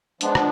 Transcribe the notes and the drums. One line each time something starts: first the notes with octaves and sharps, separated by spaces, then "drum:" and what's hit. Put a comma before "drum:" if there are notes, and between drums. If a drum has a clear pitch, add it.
F3 G#3 B3 D4, drum: hi-hat
drum: rim click